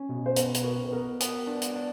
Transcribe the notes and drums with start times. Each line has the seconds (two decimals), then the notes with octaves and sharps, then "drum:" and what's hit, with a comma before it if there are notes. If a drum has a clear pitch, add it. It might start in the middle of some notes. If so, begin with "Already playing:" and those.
Already playing: C#4
0.09 B2
0.26 C5
0.36 B3 B4, drum: hi-hat
0.54 B4, drum: hi-hat
0.64 F#4 A#4
0.84 B4
0.92 B3 A#4
1.20 B3, drum: hi-hat
1.47 D4
1.62 drum: hi-hat
1.76 D4